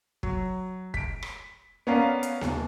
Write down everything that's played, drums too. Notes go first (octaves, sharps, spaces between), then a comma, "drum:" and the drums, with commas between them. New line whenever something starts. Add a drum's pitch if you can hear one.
F#3, drum: kick
B6 D7, drum: kick
drum: rim click
B3 C#4 A#4 D5 F5 A#5
drum: hi-hat
D#1, drum: snare B3